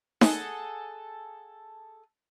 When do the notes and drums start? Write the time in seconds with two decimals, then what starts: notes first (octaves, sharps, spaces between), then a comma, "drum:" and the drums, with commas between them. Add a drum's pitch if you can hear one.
0.21 G#4 A4 D#5 F#5, drum: snare D#4